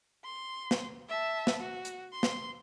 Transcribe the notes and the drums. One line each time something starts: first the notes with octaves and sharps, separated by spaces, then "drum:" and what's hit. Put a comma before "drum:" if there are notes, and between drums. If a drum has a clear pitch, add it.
C6
drum: snare
E5 A5
drum: snare
F#4
drum: hi-hat
C6
drum: snare